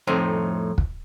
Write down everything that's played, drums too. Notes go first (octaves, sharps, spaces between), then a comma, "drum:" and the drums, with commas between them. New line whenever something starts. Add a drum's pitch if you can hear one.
F2 A2 C4 D#4
drum: kick